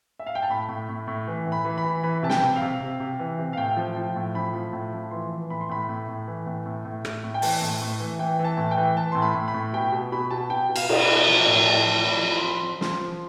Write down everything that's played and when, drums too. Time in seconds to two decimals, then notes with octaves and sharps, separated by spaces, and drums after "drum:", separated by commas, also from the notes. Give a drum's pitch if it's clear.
0.19 E5
0.26 F5
0.35 G5
0.42 A5
0.50 A2 B5
0.69 A2
0.89 A2
1.08 A2
1.28 E3
1.46 A2
1.52 B5
1.65 E3
1.78 B5
1.84 E3
2.03 E3 B5
2.23 C3 A5
2.30 G5, drum: snare
2.43 C3
2.56 F5
2.61 C3
2.80 C3
3.00 C3
3.19 E3
3.38 C3
3.53 F5
3.57 A2 G5
3.76 F3
3.96 F3
4.16 A2
4.35 F3 B5
4.53 F3
4.73 A2
4.93 F3
5.11 E3 C6
5.32 E3
5.50 A2 B5
5.61 C6
5.69 A2 B5
5.89 A2
6.08 A2
6.27 E3
6.46 A2
6.66 A2
6.85 A2
7.05 A2, drum: rim click
7.24 A2
7.34 G5
7.42 E3 A5, drum: open hi-hat
7.61 A2
7.81 A2
8.00 E3
8.19 E3 G5
8.39 E3
8.45 A5
8.57 A2
8.71 G5
8.77 E3
8.96 E3 A5
9.12 A2 C6
9.22 B5
9.35 A2
9.48 B5
9.54 A2
9.73 B2 G5
9.92 B2
10.12 B2 B5
10.31 B2 A5
10.50 B2 G5
10.69 B2
10.76 F5, drum: cymbal
10.89 B2, drum: cymbal
11.01 B5
11.08 B2
11.28 F3
11.46 A2
11.66 A2 A5
11.86 F3
12.04 F3 B5
12.23 F3
12.30 B5
12.37 C6
12.42 F3 B5
12.55 C6
12.62 F3
12.81 F3 C6, drum: snare
13.00 F3